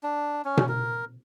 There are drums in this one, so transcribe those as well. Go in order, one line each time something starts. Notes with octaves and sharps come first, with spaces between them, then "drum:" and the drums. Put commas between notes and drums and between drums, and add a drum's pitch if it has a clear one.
D4
C#4
drum: tom B2
A#4